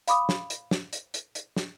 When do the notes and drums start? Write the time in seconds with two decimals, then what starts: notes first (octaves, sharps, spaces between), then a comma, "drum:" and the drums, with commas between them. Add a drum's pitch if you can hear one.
0.08 F5 B5 D6 D#6, drum: hi-hat
0.29 drum: snare
0.50 drum: hi-hat
0.71 drum: snare
0.93 drum: hi-hat
1.14 drum: hi-hat
1.35 drum: hi-hat
1.56 drum: snare